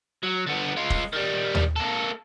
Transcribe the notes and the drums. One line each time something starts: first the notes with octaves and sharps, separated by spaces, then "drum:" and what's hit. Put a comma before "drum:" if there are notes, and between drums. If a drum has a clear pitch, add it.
F#3
D3 B3
G#3 F4
drum: kick
D#3 G3
drum: tom D#2
A#3 A4